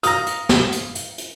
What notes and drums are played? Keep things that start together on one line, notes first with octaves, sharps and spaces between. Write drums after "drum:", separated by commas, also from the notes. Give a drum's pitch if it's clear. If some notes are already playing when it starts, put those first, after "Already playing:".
F5 A#5 D#6, drum: hi-hat
drum: hi-hat
drum: snare
drum: hi-hat
drum: hi-hat
drum: hi-hat